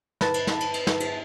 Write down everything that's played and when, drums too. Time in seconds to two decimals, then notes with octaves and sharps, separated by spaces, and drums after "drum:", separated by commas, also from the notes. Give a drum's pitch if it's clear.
0.21 B4 A5, drum: snare
0.34 drum: cymbal
0.47 drum: snare
0.60 drum: cymbal
0.74 drum: cymbal
0.87 drum: snare
1.00 drum: cymbal